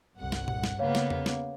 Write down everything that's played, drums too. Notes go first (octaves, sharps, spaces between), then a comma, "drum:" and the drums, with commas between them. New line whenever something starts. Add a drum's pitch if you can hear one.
G1 C2 F#5
drum: snare
drum: tom A#2
drum: snare
C#3 A#3 B3 C#5 F5
drum: snare
drum: tom E2
drum: snare